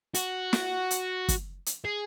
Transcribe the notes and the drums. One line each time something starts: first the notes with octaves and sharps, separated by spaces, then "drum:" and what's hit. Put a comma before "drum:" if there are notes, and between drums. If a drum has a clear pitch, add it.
F#4, drum: hi-hat
drum: snare
drum: hi-hat
drum: kick, hi-hat
drum: hi-hat
G#4